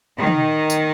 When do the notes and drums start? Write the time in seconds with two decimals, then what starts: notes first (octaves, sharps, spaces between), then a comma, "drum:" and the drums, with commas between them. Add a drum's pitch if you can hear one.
0.17 D#3
0.27 drum: tom
0.70 drum: tambourine